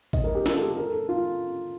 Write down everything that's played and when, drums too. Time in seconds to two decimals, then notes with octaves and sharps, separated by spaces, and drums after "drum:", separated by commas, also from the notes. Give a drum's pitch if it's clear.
0.13 D#5, drum: kick A1
0.24 A#4
0.35 G4
0.46 F4, drum: snare
0.55 A4
0.61 G4
0.77 A#4
0.93 A4
1.09 F4